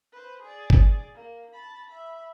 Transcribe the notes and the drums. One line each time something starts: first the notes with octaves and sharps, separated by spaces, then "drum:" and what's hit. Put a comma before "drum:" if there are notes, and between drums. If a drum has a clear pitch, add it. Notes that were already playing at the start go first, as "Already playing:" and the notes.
B4 C5
G#4 D5
drum: kick G1
A#3
A5 B5
E5 B5